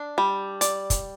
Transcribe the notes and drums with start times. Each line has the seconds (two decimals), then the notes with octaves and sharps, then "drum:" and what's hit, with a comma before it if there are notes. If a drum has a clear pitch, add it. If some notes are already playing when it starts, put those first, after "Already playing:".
Already playing: D4
0.18 G3
0.61 D5, drum: hi-hat
0.90 drum: kick, hi-hat